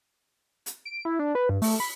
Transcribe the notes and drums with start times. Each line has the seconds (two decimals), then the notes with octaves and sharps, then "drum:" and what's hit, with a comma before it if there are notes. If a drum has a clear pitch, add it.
0.66 drum: hi-hat
0.85 D7
1.05 E4
1.19 D4
1.35 B4
1.49 G2
1.62 A3, drum: open hi-hat
1.80 B5